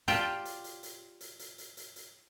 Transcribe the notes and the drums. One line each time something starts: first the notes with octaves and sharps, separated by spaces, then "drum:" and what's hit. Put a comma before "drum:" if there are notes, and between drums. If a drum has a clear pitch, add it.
F4 G4 D5 G5 A5, drum: hi-hat
drum: hi-hat
drum: hi-hat
drum: hi-hat
drum: hi-hat
drum: hi-hat
drum: hi-hat
drum: hi-hat
drum: hi-hat